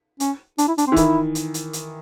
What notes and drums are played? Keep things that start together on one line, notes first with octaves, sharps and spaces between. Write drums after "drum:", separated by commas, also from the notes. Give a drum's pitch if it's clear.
C#4, drum: hi-hat
D4, drum: hi-hat
E4
D4, drum: hi-hat
C4
E3
D#3 E4, drum: kick C#1, hi-hat
drum: hi-hat
drum: hi-hat
drum: hi-hat